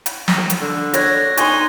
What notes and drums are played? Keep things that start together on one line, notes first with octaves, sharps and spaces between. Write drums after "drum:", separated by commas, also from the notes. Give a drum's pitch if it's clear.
drum: hi-hat
drum: snare
E6
drum: hi-hat
D3
C#5 D5 F#6 G#6 A#6, drum: hi-hat
D#4 G#5 C6 C#6 G7, drum: hi-hat